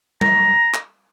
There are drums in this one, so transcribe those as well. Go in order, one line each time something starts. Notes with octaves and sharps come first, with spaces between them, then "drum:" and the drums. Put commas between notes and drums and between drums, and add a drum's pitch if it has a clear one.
A#5, drum: tom G3
drum: clap